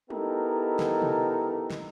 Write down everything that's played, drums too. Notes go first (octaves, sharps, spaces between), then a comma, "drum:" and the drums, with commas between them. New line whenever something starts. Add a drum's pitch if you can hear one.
B3 D#4 E4 G4 A4 A#4, drum: tom G3
drum: snare
drum: tom B2
drum: snare